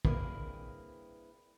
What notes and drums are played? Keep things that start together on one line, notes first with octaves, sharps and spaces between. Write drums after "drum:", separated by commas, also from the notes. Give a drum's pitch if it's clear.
G2 A#3 C4 E4 G#4 B4, drum: kick